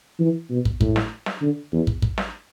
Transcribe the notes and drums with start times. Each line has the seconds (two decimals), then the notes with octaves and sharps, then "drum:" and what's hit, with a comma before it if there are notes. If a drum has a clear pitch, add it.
0.20 E3
0.50 B2
0.65 drum: kick
0.81 A2, drum: kick
0.96 drum: snare
1.26 drum: snare
1.41 D3
1.72 E2
1.87 drum: kick
2.02 drum: kick
2.18 drum: snare